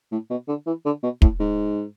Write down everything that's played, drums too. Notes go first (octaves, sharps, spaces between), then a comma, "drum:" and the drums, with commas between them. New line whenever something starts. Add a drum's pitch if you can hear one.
A2
B2
D3
E3
D3
B2
A2, drum: kick
G#2